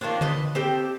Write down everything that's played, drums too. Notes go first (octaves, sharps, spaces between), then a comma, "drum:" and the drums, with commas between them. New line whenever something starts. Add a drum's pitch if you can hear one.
D#3 F3 C4 D4
B4 D#5 A5, drum: tom D3
C4 G4 A4